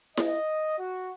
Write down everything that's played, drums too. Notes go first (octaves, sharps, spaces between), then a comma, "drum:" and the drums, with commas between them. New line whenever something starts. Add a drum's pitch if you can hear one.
D#5, drum: snare E4
F#4